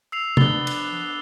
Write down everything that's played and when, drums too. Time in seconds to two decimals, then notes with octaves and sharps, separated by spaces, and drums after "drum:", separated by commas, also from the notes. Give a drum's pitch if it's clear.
0.12 E6 C7 F7
0.37 F3 B3 D4 A6 G7, drum: tom C3
0.67 drum: cymbal